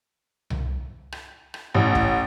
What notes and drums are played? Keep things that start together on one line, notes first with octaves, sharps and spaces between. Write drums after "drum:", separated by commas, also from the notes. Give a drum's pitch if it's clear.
drum: tom C2
drum: rim click
drum: rim click
A1
drum: kick